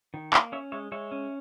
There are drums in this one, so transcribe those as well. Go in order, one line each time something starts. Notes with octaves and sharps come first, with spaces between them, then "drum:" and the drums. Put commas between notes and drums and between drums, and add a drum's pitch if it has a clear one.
D#3
A#3, drum: clap
C#4 C#5 E5
G#3 C#5 E5
G#3 C#5 E5
C#4